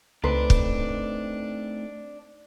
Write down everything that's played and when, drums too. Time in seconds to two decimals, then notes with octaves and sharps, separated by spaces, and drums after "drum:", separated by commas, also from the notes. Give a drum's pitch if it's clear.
0.24 C#2 A3 C4 D4 D#4 B4 C6
0.50 drum: kick